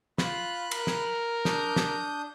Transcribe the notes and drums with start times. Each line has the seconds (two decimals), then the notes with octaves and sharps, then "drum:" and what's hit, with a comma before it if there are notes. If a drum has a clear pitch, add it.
0.18 F4 B5 F#6, drum: snare
0.71 A#4, drum: cymbal
0.87 drum: snare
1.45 D4 D#6 G6, drum: snare
1.76 drum: snare